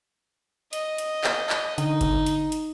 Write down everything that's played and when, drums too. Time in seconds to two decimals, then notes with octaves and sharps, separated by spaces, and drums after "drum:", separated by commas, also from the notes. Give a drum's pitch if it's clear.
0.73 D#5, drum: hi-hat
0.98 drum: hi-hat
1.24 drum: clap
1.50 drum: clap
1.78 D3 D#4, drum: hi-hat
2.01 drum: kick G1, hi-hat
2.26 drum: hi-hat
2.52 drum: hi-hat